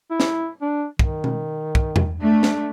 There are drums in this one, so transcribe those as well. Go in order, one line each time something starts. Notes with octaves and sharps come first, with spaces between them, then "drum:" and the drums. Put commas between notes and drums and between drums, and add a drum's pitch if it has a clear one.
E4
drum: snare
D4
D#3, drum: kick
drum: tom B2
drum: kick
drum: tom E2
A3 D4
drum: snare